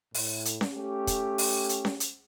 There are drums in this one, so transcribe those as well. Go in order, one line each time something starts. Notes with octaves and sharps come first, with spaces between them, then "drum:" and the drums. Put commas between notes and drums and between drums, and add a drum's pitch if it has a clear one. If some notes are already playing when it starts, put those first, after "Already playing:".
A2, drum: open hi-hat
drum: hi-hat
drum: snare C#4
A3 C#4 G4
drum: kick, hi-hat
drum: open hi-hat
drum: hi-hat
drum: snare C#4
drum: hi-hat